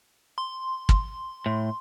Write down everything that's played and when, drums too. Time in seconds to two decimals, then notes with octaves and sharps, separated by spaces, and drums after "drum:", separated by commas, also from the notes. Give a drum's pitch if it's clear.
0.38 C6
0.89 drum: kick
1.46 A2